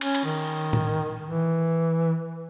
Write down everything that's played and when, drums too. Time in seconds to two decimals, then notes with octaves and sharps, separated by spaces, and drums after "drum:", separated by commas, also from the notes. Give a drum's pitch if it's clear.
0.01 C#4, drum: cymbal
0.15 drum: cymbal
0.25 D#3
0.73 drum: tom A2
1.25 E3